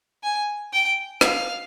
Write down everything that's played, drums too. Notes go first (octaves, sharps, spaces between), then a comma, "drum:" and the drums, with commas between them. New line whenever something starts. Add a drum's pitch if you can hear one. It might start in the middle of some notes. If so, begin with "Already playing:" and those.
G#5
G5
F5, drum: rim click